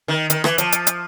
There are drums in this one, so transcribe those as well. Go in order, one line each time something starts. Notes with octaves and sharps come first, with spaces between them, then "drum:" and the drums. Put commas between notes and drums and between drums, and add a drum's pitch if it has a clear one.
D#3
D#3, drum: hi-hat
E3, drum: rim click
F3, drum: hi-hat
drum: hi-hat
drum: hi-hat